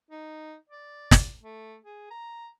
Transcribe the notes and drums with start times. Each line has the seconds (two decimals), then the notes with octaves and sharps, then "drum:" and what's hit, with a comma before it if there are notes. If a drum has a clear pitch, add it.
0.11 D#4
0.70 D5
1.11 drum: snare
1.42 A3
1.85 G#4
2.11 A#5